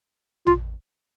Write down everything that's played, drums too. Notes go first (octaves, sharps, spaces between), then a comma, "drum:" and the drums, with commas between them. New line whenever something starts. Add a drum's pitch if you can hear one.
F4, drum: tom